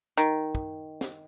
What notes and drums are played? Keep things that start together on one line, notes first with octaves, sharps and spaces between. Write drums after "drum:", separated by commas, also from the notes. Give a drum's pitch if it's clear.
D#3
drum: kick
drum: snare